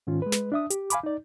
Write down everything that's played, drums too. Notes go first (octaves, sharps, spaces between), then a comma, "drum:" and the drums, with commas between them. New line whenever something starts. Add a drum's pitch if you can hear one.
G#2 D#3 C#4 F4
G#3 B4
drum: snare
D4 E5 D#6
G4, drum: hi-hat
F5 G#5 B5 D6, drum: hi-hat
D#4 D5